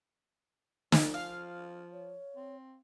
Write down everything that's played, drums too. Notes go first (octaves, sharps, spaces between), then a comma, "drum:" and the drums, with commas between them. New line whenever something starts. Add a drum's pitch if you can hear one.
F3 F4, drum: snare
F5
C#5
C4